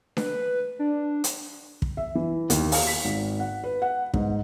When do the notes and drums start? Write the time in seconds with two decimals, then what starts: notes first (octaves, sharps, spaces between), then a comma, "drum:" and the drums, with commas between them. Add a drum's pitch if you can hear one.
0.17 B4, drum: snare D4
0.79 D4
1.24 drum: hi-hat
1.82 drum: kick
1.97 E5
2.15 E3
2.50 D#2, drum: hi-hat
2.72 F5, drum: open hi-hat
2.87 B6
3.05 G#1
3.40 F#5
3.64 B4
3.82 F#5
4.14 G#2, drum: kick